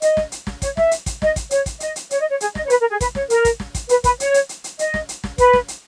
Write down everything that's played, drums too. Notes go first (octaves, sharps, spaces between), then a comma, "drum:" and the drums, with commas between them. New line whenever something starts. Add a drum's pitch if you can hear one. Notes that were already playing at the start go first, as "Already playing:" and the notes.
D#5, drum: hi-hat
drum: snare
drum: hi-hat
drum: snare
C#5, drum: kick, hi-hat
E5, drum: snare
drum: hi-hat
drum: kick, hi-hat
D#5, drum: snare
drum: kick, hi-hat
C#5, drum: hi-hat
drum: kick, hi-hat
D#5, drum: hi-hat
drum: hi-hat
C#5, drum: hi-hat
D#5
C#5
G#4, drum: hi-hat
D#5, drum: snare
C#5
B4, drum: hi-hat
A#4
G#4
B4, drum: kick, hi-hat
C#5, drum: snare
A#4, drum: hi-hat
drum: kick, hi-hat
drum: snare
drum: kick, hi-hat
B4, drum: hi-hat
B4, drum: kick, hi-hat
C#5, drum: hi-hat
drum: hi-hat
drum: hi-hat
drum: hi-hat
D#5, drum: hi-hat
drum: snare
drum: hi-hat
drum: snare
B4, drum: kick, hi-hat
drum: snare
drum: hi-hat